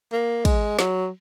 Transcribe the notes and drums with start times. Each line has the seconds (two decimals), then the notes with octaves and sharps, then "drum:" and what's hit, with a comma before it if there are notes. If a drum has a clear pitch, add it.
0.12 A#3
0.45 G#3, drum: kick, cymbal
0.79 F#3, drum: snare